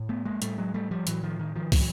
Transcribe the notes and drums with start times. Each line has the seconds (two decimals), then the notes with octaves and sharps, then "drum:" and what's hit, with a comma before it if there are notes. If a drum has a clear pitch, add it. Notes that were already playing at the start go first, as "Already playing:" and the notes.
Already playing: A2
0.09 A3 B3
0.25 G#3 A#3
0.42 A2 G3 A3, drum: hi-hat
0.58 F#3 G#3
0.74 G3 A3
0.91 F3 G3
1.07 A2 E3 F#3, drum: hi-hat
1.23 D#3 F3
1.39 D#3
1.56 D#3 F3
1.72 A2 E3 F#3, drum: kick, open hi-hat